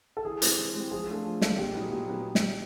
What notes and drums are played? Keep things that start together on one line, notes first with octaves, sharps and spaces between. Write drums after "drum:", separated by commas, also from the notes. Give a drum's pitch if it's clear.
A4
E3 G#4
G#3 C4 E4 G4, drum: hi-hat
E3
G#3 C4 E4 G4
F3 G#4
A3 D4 F4 A4
F3
A3 D4 F4 A4, drum: snare
A#2 G4
F#3 B3 D#4 G#4
A#2 G4
F#3 B3 D#4 G#4
drum: snare